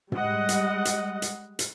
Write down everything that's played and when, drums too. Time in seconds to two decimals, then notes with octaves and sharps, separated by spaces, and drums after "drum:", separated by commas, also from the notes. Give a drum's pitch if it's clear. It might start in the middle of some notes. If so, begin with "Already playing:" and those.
0.12 G3 G#3 D#5 F#5, drum: tom
0.49 drum: hi-hat
0.85 drum: hi-hat
1.22 drum: hi-hat
1.59 drum: hi-hat